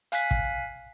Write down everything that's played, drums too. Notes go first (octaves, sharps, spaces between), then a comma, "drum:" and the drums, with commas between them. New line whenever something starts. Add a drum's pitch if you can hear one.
F5 G#5 F#6 B6, drum: hi-hat
drum: kick